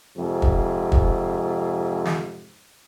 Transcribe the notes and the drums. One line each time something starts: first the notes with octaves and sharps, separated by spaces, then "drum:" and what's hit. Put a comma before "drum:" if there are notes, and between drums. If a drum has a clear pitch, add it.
F2 G#2 C3
drum: kick
drum: kick
drum: snare